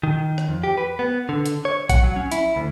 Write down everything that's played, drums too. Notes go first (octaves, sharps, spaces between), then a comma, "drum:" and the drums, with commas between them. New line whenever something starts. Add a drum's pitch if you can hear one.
D#3
drum: rim click
F2
G4
B4
B3
D3
drum: hi-hat
C#5
F#5, drum: kick A#1, hi-hat
F#3
C#4
E4, drum: hi-hat
D2